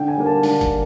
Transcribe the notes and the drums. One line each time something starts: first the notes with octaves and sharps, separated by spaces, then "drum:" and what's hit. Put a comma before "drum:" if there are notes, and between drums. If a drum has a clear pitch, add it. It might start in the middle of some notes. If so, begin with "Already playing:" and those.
Already playing: D3 G5
G#5
G3 A#3
A5
D3 A5, drum: open hi-hat
drum: kick G1, hi-hat